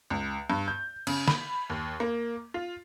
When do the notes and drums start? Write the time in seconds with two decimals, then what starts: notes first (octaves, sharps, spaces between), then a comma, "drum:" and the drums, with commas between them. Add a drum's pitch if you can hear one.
0.10 C#2
0.50 G2
0.68 G6
1.07 C#3, drum: cymbal
1.28 B5, drum: snare
1.70 D#2
2.00 A#3
2.54 F4